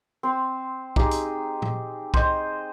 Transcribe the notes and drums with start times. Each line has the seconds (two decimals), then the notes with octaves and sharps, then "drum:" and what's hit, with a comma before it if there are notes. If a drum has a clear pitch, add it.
0.23 C4 C5
0.96 D#4 G4 G#4, drum: kick
1.11 drum: hi-hat
1.62 drum: tom A#2
2.14 C5 D#5, drum: kick